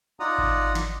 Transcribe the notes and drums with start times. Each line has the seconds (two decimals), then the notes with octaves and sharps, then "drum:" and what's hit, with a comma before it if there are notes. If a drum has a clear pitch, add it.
0.20 D#4 F4 D5 F#5 A#5 D#6
0.38 drum: kick G#1
0.75 drum: snare